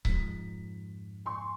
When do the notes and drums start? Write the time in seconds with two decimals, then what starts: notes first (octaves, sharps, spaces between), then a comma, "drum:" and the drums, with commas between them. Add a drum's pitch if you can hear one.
0.05 F2 G#2 F3 B6, drum: kick C#1
1.26 G#5 C6 C#6